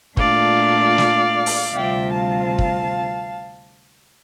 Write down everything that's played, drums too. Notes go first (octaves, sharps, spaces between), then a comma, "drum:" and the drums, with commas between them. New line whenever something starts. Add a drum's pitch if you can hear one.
A#2 A3 D4 F4 D5 F5, drum: kick
drum: snare
drum: open hi-hat
D2 C3 G3 C4 F4 E5 G5
F5 A5
drum: kick